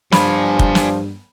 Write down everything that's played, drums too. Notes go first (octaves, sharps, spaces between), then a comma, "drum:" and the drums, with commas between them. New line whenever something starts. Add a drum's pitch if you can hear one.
G2 F3 D5 G#5 B5, drum: snare
drum: kick
drum: snare